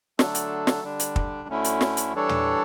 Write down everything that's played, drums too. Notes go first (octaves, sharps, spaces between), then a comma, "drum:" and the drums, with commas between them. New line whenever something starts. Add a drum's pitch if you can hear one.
D3 F#3 A3 D4 A4, drum: snare
drum: hi-hat
drum: snare
D3 G3 D4
drum: hi-hat
drum: kick
D2 D3 A3 C#4 E4
drum: hi-hat
drum: snare
drum: hi-hat
E3 G3 D4 A4 C#5
drum: tom